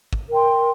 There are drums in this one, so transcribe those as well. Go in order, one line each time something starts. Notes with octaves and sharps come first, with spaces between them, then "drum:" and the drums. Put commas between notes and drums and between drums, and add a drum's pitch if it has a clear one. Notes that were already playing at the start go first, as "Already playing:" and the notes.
drum: kick
A#4 G5 C6